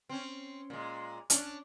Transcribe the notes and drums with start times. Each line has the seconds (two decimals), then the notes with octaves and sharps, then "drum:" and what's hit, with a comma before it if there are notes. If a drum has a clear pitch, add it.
0.09 C4 C#4
0.70 A#2 G#3
1.30 C#4 D4, drum: hi-hat